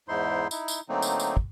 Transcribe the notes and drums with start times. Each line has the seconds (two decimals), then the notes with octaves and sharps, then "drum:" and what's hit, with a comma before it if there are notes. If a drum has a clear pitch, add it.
0.08 E2 G#2 D#4 E4 C5 C6
0.51 D#4 E4, drum: tambourine
0.68 drum: tambourine
0.89 D3 F#3 A3 A#3 C4 D#4
1.02 drum: tambourine
1.20 drum: tambourine
1.37 drum: kick